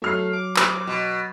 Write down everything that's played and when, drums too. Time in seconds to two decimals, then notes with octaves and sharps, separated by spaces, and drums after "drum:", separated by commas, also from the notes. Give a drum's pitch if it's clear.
0.02 F#3 A3 F6 C7
0.33 D6
0.56 drum: clap
0.87 B2